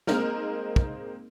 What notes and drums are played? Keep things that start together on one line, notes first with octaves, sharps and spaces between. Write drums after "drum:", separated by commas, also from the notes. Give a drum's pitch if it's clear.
G#3 A#3 C4 D#4 A#4 F6, drum: snare
drum: kick